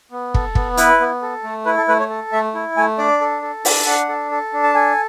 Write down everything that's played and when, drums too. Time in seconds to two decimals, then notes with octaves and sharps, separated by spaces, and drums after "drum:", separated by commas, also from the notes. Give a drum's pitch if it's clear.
0.11 B3
0.34 A4, drum: kick
0.55 B3, drum: kick
0.77 E4 B4, drum: hi-hat
1.00 B3
1.22 A4
1.43 A3
1.66 E4 B4
1.77 A4
1.88 A3 B4
1.99 C#5
2.10 A4
2.33 A3 E5
2.55 E4
2.77 A3 G#5
2.98 D4 D5
3.21 A4
3.42 A4
3.65 D4, drum: open hi-hat
3.86 D4 F#5
4.09 A4
4.31 A4
4.53 D4
4.63 A5
4.74 A4 G#5